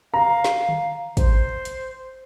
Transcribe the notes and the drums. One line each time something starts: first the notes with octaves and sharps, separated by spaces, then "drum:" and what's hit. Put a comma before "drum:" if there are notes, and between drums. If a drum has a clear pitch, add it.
F5 A#5
drum: snare
drum: tom D3
C5, drum: kick, hi-hat
drum: hi-hat